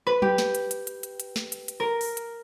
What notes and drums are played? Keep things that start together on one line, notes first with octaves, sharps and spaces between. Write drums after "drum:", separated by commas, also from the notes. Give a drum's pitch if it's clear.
B4
G4, drum: tom F#3
drum: snare
drum: hi-hat
drum: hi-hat
drum: hi-hat
drum: hi-hat
drum: hi-hat
drum: snare
drum: hi-hat
drum: hi-hat
A#4
drum: open hi-hat
drum: hi-hat